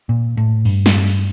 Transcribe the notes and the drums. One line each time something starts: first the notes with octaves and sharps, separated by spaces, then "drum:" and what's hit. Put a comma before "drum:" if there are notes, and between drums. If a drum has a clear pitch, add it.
A#2
A2
G2, drum: cymbal
drum: snare
drum: cymbal